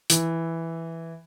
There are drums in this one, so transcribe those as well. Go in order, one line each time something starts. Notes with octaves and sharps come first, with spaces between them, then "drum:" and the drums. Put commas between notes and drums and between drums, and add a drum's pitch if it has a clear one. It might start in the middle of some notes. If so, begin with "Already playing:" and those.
E3, drum: hi-hat